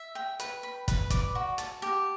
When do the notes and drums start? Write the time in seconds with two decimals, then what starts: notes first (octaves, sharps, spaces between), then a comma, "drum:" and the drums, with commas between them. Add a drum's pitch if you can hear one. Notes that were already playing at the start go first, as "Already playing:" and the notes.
Already playing: E5
0.15 G5
0.39 B4, drum: hi-hat
0.63 B5
0.88 B4, drum: kick, hi-hat
1.10 D5, drum: kick, hi-hat
1.35 F#4
1.58 A5, drum: hi-hat
1.82 G4